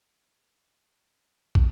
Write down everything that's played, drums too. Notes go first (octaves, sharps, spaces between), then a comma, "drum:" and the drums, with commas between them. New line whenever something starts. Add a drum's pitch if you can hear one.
G3 D#4 A4 D#5 E5 C7
F#2 C#5 D5 F5 G#5
F#2 G#3 G#4 D5 F#6
F#3 A4 F#5
drum: kick